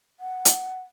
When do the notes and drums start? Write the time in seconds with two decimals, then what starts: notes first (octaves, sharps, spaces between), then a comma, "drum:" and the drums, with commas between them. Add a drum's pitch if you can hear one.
0.20 F#5
0.45 drum: hi-hat